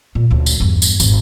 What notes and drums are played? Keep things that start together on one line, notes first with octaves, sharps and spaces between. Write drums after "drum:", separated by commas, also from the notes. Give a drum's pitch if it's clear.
A#2
D2 C#3
drum: tambourine
E2 G2
drum: tambourine
G#1, drum: tambourine